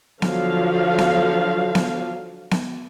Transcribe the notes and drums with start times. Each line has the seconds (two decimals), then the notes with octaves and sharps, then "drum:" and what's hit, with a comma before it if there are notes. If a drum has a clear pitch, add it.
0.22 D3 F3 F#3 F5, drum: snare B3
0.98 drum: snare B3
1.75 drum: snare B3
2.51 drum: snare B3